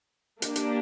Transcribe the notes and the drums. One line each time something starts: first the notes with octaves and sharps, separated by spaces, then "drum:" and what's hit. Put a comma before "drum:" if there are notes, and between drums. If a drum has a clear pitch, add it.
A#3 D4 G4, drum: hi-hat
drum: hi-hat